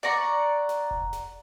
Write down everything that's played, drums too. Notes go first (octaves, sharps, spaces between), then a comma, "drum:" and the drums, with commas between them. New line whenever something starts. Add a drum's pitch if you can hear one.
D5 F#5 A#5 C#6
drum: snare
drum: kick F1
drum: snare